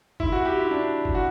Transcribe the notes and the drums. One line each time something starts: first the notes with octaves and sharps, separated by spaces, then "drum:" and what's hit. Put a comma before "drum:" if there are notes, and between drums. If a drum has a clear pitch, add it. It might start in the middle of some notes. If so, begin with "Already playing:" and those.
E4, drum: kick F#1
F#4
G4
E4
D4
drum: kick F#1
F#4